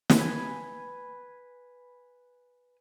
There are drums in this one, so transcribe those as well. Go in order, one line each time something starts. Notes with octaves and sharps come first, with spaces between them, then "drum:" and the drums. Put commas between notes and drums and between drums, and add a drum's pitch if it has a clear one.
drum: snare
B4 G#5